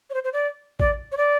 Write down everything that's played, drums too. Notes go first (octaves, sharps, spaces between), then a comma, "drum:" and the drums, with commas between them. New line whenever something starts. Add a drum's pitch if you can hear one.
C#5
C5
C5
D5
D5, drum: kick A1
C#5
D5